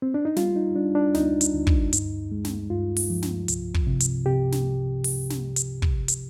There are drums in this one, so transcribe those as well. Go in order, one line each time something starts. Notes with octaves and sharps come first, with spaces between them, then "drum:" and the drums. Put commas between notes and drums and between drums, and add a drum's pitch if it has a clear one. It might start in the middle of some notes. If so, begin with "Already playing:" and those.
C4
D4
D#4
G3 F4, drum: snare
D#4
G3 D4
D4
D2 D#4, drum: snare
drum: hi-hat
D2
drum: kick
G2, drum: hi-hat
G#3
drum: snare
G2 F4
drum: open hi-hat
F3
drum: snare
C2, drum: hi-hat
drum: kick
C3
drum: hi-hat
C3 G4
drum: snare
drum: open hi-hat
drum: snare
drum: hi-hat
drum: kick
drum: hi-hat